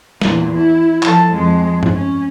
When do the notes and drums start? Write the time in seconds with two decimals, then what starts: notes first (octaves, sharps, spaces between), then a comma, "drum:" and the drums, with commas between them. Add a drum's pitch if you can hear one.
0.21 E2 A#2, drum: snare
0.57 E4
1.03 F3 A4, drum: clap
1.32 F2 G#3
1.83 drum: tom G2
1.93 C#4